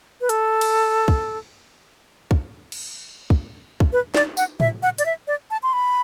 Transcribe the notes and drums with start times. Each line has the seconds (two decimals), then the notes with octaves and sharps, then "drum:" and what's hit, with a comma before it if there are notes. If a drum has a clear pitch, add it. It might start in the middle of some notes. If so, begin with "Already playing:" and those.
0.21 B4
0.29 A4, drum: hi-hat
0.61 drum: cymbal
1.08 drum: kick
2.31 drum: kick
2.72 drum: cymbal
3.30 drum: kick
3.80 drum: kick
3.92 B4
4.15 D5, drum: snare
4.37 F#5, drum: tambourine
4.60 E5, drum: tom A2
4.83 F#5
4.98 D5, drum: hi-hat
5.06 E5
5.27 D5
5.51 A5
5.63 C6
5.73 B5